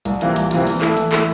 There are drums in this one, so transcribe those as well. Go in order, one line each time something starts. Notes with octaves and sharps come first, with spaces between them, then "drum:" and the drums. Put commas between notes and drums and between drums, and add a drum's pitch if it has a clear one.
C2, drum: hi-hat
C3 E3 A#3 F4, drum: hi-hat
C2, drum: hi-hat
C3 E3 A#3 F4, drum: hi-hat
E3, drum: open hi-hat
A3 E4 A4, drum: clap
E3, drum: hi-hat
A3 E4 A4, drum: clap